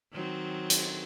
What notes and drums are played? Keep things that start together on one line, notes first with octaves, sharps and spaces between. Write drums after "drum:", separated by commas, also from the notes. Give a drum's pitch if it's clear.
D#3 F#3 C4
drum: hi-hat